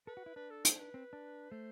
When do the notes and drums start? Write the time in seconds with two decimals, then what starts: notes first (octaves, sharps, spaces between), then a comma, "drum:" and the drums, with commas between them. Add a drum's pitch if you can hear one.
0.07 A4 B4
0.17 F#4
0.26 E4
0.36 D4 B4
0.50 A4
0.65 C5, drum: hi-hat
0.79 B4
0.94 C4
1.13 D4
1.51 A3 C5